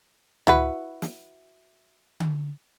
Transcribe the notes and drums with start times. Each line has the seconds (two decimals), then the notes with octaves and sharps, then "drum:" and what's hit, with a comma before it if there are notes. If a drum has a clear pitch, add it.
0.47 E4 F#4 B4, drum: tom C#2
1.02 drum: snare
2.20 drum: tom D3